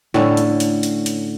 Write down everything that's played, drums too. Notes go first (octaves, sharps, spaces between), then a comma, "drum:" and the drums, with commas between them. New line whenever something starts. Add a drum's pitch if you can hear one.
A2 D3 C#4 A4, drum: snare
drum: hi-hat
drum: hi-hat
drum: hi-hat
drum: hi-hat